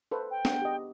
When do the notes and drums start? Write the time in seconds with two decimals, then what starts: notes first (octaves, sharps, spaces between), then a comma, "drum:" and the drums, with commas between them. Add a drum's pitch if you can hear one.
0.11 A4 B4 C5
0.31 G5
0.45 B3 D4 F#5, drum: snare
0.62 G4 D#5